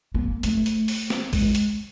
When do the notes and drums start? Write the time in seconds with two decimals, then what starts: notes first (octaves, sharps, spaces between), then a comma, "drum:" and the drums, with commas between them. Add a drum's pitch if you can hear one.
0.14 A#3
0.43 A3, drum: hi-hat
0.66 drum: hi-hat
0.88 drum: open hi-hat
1.10 drum: snare
1.33 G#3, drum: kick A#1, open hi-hat
1.55 drum: hi-hat